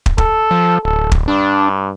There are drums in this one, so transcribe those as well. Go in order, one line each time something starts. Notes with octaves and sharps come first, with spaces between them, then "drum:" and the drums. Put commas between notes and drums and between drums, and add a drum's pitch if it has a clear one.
drum: kick
A4, drum: kick
F3
D1 A4
drum: kick
G2 D4